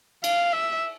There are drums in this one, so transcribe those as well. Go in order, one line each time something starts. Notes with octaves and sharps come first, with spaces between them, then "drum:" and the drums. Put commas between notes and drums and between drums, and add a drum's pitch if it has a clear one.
F5, drum: cymbal
E5